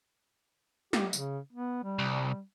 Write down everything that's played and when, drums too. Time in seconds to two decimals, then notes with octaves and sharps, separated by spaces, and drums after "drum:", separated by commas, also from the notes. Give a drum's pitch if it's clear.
0.93 G4, drum: snare
1.13 C#3, drum: tambourine
1.53 B3
1.83 G3
1.99 C2